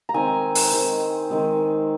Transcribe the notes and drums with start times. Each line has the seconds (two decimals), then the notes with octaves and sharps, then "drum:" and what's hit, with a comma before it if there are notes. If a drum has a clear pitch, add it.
0.09 A#5
0.14 D#3 G#3 C4 G#5
0.55 drum: open hi-hat
0.72 D#3 G#3 C4
1.30 D#3 G#3 C4